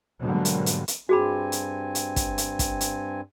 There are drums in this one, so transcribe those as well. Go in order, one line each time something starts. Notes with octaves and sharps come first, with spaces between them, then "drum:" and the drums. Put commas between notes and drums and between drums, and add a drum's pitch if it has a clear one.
G#2 B2 D3 F#3 G3 A#3
drum: hi-hat
drum: hi-hat
drum: hi-hat
G2 C4 F#4 G#4 G#5 B5
drum: hi-hat
drum: hi-hat
drum: kick, hi-hat
drum: hi-hat
drum: kick, hi-hat
drum: hi-hat